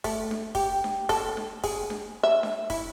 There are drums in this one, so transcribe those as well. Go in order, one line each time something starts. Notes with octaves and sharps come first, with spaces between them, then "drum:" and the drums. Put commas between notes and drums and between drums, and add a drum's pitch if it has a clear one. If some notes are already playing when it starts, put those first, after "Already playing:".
A3, drum: kick, open hi-hat
drum: snare D4
G4, drum: kick, open hi-hat
drum: snare D4
A4, drum: kick, open hi-hat
drum: snare D4
G#4, drum: kick, open hi-hat
drum: snare D4
E5
drum: snare D4
E4, drum: kick, open hi-hat